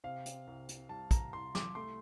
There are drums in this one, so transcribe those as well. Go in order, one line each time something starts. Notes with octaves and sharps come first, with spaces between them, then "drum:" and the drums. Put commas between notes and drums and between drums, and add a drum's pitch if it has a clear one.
C3 F5
drum: hi-hat
C2
drum: hi-hat
G3 A5
A#5, drum: kick, hi-hat
C2 C6
D6, drum: snare
A3 C6